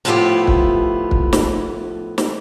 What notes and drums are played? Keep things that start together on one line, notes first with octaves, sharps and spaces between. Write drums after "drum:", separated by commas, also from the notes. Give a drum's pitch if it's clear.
A2 F3 B3 E4 F4 G4
drum: kick
drum: kick
drum: snare
drum: snare